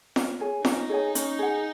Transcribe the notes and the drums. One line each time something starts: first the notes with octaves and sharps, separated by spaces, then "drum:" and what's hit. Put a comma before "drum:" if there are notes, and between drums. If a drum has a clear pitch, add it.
C#4, drum: snare
G#4 C#5 G#5
C#4 D#4, drum: snare
G#4 C#5 G#5
C#4, drum: hi-hat
G#4 F#5